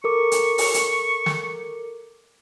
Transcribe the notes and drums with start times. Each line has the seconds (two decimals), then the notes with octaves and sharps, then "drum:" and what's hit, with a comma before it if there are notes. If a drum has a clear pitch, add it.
0.04 A4 A#4 C#6 D6
0.32 drum: hi-hat
0.58 drum: open hi-hat
0.74 drum: hi-hat
1.26 drum: snare